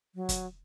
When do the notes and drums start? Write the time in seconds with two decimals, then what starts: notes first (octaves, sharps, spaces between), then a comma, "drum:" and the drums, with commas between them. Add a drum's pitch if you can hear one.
0.15 F#3
0.29 drum: kick, hi-hat